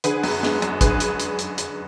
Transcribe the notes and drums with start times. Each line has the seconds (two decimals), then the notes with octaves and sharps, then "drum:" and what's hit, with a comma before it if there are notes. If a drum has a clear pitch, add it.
0.04 D3 G#4 B4, drum: hi-hat
0.23 F#2, drum: open hi-hat
0.43 G#3, drum: snare
0.62 F#2, drum: hi-hat
0.81 D3 G#4 B4, drum: kick A1, hi-hat
1.00 drum: hi-hat
1.20 drum: hi-hat
1.39 drum: hi-hat
1.58 drum: hi-hat